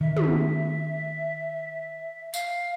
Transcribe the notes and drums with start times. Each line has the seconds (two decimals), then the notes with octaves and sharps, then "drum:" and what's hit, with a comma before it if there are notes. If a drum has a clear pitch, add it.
0.01 D#3 E5
0.17 drum: tom
2.34 F5, drum: tambourine